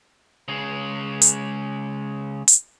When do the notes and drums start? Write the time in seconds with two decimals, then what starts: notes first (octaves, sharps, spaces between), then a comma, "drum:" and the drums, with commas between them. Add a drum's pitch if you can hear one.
0.48 C#3 G#3
1.22 drum: hi-hat
2.48 drum: hi-hat